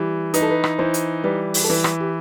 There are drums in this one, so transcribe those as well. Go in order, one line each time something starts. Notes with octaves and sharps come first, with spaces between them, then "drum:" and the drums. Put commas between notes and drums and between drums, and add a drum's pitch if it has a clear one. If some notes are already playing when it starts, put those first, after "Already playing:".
Already playing: E3 G3 G4
D#4 B4, drum: hi-hat
A4
B4
drum: rim click
E3 C5
drum: hi-hat
G3 B4
drum: open hi-hat
A4
E3 B4
drum: rim click
G4